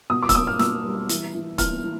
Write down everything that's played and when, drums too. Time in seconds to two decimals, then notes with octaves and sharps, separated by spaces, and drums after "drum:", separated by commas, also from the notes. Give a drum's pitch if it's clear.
0.10 B2 D#6
0.23 D6
0.29 E6, drum: kick, hi-hat
0.35 A#3 D#6
0.47 F6
0.59 B2 E6, drum: snare
0.85 G3
1.09 E3, drum: hi-hat
1.35 E3
1.58 E3 F6, drum: kick, hi-hat
1.84 E3